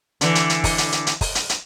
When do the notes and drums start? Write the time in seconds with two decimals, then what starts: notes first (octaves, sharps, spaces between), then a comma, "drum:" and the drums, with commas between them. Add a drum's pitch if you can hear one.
0.21 D3 E3, drum: hi-hat
0.35 drum: hi-hat
0.49 drum: hi-hat
0.64 drum: kick, open hi-hat
0.78 drum: hi-hat
0.92 drum: hi-hat
1.07 drum: hi-hat
1.21 drum: kick, open hi-hat
1.35 drum: hi-hat
1.49 drum: hi-hat